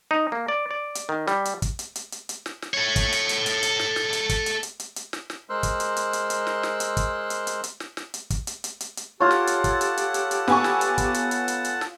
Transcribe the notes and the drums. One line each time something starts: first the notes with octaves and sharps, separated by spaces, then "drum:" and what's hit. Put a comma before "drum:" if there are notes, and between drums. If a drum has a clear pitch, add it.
D#4
A#3
D5
D5
drum: hi-hat
D#3
G3, drum: snare
drum: hi-hat
drum: kick, hi-hat
drum: hi-hat
drum: hi-hat
drum: hi-hat
drum: hi-hat
drum: snare
drum: snare
A4 C#5
drum: kick, hi-hat
drum: hi-hat
drum: hi-hat
drum: hi-hat
drum: hi-hat
drum: snare
drum: snare
drum: hi-hat
drum: kick, hi-hat
drum: hi-hat
drum: hi-hat
drum: hi-hat
drum: hi-hat
drum: snare
drum: snare
G#3 A#4 C5 C6 E6 F#6
drum: kick, hi-hat
drum: hi-hat
drum: hi-hat
drum: hi-hat
drum: hi-hat
drum: snare
drum: snare
drum: hi-hat
drum: kick, hi-hat
drum: hi-hat
drum: hi-hat
drum: hi-hat
drum: snare
drum: snare
drum: hi-hat
drum: kick, hi-hat
drum: hi-hat
drum: hi-hat
drum: hi-hat
drum: hi-hat
F4 G4 A4 C#5 F#5 A5
drum: snare
drum: hi-hat
drum: kick, hi-hat
drum: hi-hat
drum: hi-hat
drum: hi-hat
drum: hi-hat
B3 G#5 C#6, drum: snare
drum: snare
drum: hi-hat
drum: kick, hi-hat
drum: hi-hat
drum: hi-hat
drum: hi-hat
drum: hi-hat
drum: snare